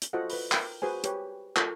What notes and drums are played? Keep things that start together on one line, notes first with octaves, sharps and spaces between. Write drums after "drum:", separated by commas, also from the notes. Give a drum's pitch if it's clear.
drum: hi-hat
F4 F#4 A4 C5 D#5 F#5
B4 B5, drum: open hi-hat
A#4 G5, drum: clap
F#4 G#4 B4 C5 G#5
G4 B4 C#5, drum: hi-hat
F4 A4 A#4 C#6, drum: clap